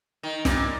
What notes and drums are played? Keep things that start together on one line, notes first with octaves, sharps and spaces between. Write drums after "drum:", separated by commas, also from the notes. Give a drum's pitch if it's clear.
D#3
A#2, drum: snare